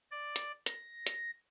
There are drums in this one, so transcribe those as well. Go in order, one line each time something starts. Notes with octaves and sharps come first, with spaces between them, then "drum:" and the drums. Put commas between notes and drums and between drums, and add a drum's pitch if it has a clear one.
D5
drum: hi-hat
A#6, drum: hi-hat
drum: hi-hat